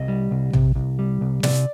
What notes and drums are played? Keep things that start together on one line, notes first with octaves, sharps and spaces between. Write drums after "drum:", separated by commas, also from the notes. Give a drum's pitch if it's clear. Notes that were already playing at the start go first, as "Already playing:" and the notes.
Already playing: C2 D#5
G3
C2
C3, drum: tom A#1
C2
G3
C2
C3 D5, drum: snare